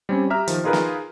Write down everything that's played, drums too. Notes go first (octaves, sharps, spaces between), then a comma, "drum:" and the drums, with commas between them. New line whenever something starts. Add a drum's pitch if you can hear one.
G3 C4 C#4
G4 E5 A#5 F6
D#3 F3, drum: hi-hat
D#4 F4 G#4 A#4 B4
drum: snare